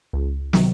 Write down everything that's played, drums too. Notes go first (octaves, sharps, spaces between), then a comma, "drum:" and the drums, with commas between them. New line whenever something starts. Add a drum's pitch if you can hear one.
C#2
C3 D#3 F#3, drum: snare